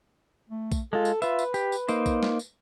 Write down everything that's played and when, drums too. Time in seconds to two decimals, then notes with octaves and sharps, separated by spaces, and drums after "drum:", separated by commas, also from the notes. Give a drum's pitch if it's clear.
0.50 A3
0.72 drum: kick A#1, tambourine
0.93 G#3 F4 A4
1.05 drum: tambourine
1.22 F4 B4 E5, drum: tambourine
1.39 drum: tambourine
1.54 G4, drum: tambourine
1.72 drum: tambourine
1.88 A#3 D#4 C5, drum: tambourine
2.06 drum: kick A#1, tambourine
2.23 drum: snare
2.39 drum: tambourine